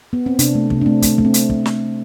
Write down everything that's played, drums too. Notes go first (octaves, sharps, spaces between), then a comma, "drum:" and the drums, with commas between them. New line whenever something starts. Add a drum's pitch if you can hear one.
B3
C4
C3 D4, drum: hi-hat
A3
C3, drum: kick
D4
A3 C4
A3, drum: kick, hi-hat
A3, drum: kick
C4
drum: hi-hat
drum: kick
drum: snare